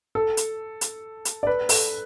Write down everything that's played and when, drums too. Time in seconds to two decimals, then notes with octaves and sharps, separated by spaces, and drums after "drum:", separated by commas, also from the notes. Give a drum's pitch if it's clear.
0.15 A4
0.37 drum: hi-hat
0.81 drum: hi-hat
1.25 drum: hi-hat
1.43 D5
1.47 B4
1.69 A4, drum: open hi-hat